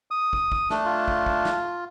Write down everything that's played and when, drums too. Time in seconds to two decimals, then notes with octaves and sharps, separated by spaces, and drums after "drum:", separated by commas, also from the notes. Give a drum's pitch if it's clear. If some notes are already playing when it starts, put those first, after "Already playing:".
0.11 D#6
0.33 drum: kick
0.52 drum: kick
0.70 A3 D4, drum: snare
0.85 F4
1.08 drum: kick
1.26 drum: kick
1.45 drum: snare